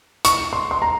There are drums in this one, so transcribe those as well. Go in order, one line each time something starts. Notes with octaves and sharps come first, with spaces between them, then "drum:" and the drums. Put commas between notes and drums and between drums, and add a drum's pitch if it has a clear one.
C#6, drum: hi-hat
C6
C6
A#5